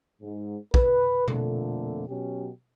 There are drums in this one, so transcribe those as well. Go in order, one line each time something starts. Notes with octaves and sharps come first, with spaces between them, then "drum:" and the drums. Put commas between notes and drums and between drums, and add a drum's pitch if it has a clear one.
G#2
B4, drum: kick
F2 A#2 D3 A3, drum: tom B2
B2 F#3 C#4 G4